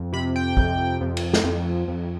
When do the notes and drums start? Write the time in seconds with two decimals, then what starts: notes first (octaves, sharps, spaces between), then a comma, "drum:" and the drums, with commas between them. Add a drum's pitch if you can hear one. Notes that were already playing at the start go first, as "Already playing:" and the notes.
Already playing: F2
0.13 C3 B5
0.36 G5
0.57 F2, drum: kick A#1
1.01 F2
1.17 drum: cymbal
1.33 drum: snare
1.44 F2
1.88 F2